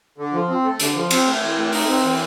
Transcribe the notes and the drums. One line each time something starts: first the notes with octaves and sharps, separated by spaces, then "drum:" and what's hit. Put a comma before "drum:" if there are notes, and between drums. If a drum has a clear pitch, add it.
D3
F3
C4
A3
D3, drum: hi-hat
F3
C4, drum: cymbal
A3
E3
A3
D#4, drum: open hi-hat
C4
E3